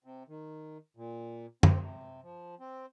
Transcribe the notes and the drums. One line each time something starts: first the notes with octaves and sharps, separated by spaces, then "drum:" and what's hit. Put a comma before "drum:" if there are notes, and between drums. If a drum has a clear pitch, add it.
C3
D#3
A#2
C4, drum: tom F#2
C3
F3
C4